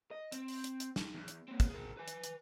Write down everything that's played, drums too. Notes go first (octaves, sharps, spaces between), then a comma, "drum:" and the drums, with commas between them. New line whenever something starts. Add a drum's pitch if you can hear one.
D#5
C4, drum: hi-hat
drum: open hi-hat
drum: hi-hat
drum: hi-hat
drum: snare
E2
drum: hi-hat
A#3 C4
drum: kick, hi-hat
G#4 A#4
B4 G#5
drum: hi-hat
drum: hi-hat